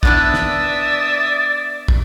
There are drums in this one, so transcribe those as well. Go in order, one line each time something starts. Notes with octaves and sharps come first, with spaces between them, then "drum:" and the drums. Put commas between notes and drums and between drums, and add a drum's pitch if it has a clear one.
B3 D4 E4 D5 E5 D#6 E6, drum: kick
drum: snare
drum: kick